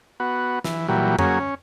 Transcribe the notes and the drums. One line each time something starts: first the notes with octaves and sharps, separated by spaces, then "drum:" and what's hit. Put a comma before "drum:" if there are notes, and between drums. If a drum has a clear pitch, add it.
B3 F#4
E3, drum: snare
A#2 E3 F#3 G3
F#3 A#3 C#4 G#4, drum: tom F2
C#4